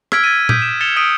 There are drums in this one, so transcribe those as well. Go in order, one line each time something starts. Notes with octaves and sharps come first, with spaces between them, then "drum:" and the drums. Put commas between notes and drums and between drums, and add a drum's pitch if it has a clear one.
E6 F6 G#6 B6 D7, drum: rim click
G#6 A6 B6 D#7
D6 D#6 G6 B6 D7, drum: tom A#2
D7 E7
A6 C#7 E7 F7 G7
D#6 E6 G#6 B6 D7 D#7